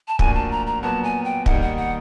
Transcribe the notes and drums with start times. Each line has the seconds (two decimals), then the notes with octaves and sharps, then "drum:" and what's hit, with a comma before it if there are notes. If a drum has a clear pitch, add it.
0.08 A5
0.19 A2 F3 A#3 D4 F#4 G#5, drum: kick
0.35 A5
0.51 A#5
0.67 A#5
0.83 A#2 F#3 B3 A5
1.04 G#5
1.24 G5
1.46 D#3 G3 A#3 D#4 F#5, drum: kick
1.62 F#5
1.77 F#5